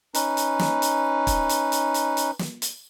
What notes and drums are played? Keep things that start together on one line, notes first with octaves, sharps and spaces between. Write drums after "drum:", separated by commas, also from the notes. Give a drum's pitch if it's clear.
C#4 D#4 B4, drum: hi-hat
drum: hi-hat
drum: snare
drum: hi-hat
drum: kick, hi-hat
drum: hi-hat
drum: hi-hat
drum: hi-hat
drum: hi-hat
drum: snare
drum: hi-hat